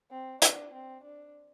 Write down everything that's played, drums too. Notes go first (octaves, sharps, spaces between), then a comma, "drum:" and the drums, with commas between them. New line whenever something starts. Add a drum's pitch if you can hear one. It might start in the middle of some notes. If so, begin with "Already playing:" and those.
C4
D4, drum: hi-hat
C4
D4